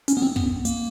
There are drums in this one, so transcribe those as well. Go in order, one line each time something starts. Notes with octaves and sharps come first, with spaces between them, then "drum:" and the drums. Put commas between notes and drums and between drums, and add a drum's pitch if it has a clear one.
C#4, drum: hi-hat
B3
C4
B3, drum: kick
A#3, drum: hi-hat